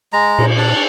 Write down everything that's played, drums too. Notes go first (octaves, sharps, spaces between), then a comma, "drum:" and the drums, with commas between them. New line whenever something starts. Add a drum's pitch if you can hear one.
G#3 A#5
A#2, drum: cymbal
D4 D5